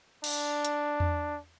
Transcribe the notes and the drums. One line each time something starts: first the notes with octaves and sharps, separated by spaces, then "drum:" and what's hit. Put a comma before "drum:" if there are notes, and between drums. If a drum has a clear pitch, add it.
D4, drum: cymbal
drum: hi-hat
drum: tom E2